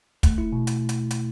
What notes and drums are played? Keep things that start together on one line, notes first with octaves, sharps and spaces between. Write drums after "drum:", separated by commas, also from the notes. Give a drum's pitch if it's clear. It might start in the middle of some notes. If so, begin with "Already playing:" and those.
A3, drum: kick, hi-hat
E4
B2
drum: hi-hat
drum: hi-hat
drum: hi-hat